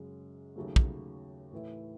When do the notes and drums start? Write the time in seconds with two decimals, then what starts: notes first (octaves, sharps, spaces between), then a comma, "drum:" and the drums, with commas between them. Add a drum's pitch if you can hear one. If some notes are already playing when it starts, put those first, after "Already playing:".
Already playing: F#2 C#3 G#3
0.56 D#2 C#3 F#3 A3
0.76 drum: kick
1.52 A2 E3 A3 E4